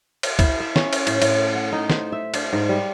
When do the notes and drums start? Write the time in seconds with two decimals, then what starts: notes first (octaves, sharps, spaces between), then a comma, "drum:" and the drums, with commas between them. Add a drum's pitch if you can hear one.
0.23 drum: cymbal
0.39 E4, drum: kick, cymbal
0.60 E5
0.76 C#4, drum: snare
0.93 drum: cymbal
1.07 A2, drum: cymbal
1.22 A2, drum: cymbal
1.55 F#5
1.72 D#4
1.90 C5, drum: snare
2.12 E5
2.34 D4, drum: cymbal
2.53 G#2
2.69 G3